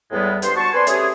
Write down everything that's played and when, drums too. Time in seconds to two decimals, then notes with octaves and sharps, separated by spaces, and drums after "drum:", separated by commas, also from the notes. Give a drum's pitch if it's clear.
0.11 E2 A2 G3 G#3 B3
0.42 G2 C5 C6, drum: hi-hat
0.56 F#4 A5 C#6
0.73 C4 B4 D5 G#5 C6
0.87 A3 C#4 G4 G#4, drum: hi-hat